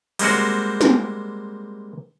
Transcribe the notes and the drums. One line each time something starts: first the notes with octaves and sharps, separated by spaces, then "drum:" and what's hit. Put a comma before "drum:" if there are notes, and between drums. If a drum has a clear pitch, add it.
G3 G#3 A#3 C4 F#4, drum: cymbal
drum: snare